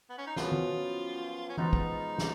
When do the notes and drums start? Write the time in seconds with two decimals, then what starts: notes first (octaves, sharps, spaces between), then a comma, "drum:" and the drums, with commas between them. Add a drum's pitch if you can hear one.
0.10 B3
0.18 C#4
0.27 D#4
0.36 F#2 F3 B3 F4, drum: snare
0.52 drum: tom D#3
1.49 C#4
1.57 G#2 F3 B3 D#4 F4, drum: tom E3
1.73 drum: kick
2.18 drum: snare